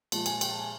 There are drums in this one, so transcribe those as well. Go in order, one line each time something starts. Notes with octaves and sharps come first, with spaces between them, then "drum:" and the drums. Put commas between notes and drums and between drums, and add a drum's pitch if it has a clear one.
A#2 F3 G#3 A5, drum: cymbal
G#5, drum: cymbal
G5, drum: cymbal
A5
G#5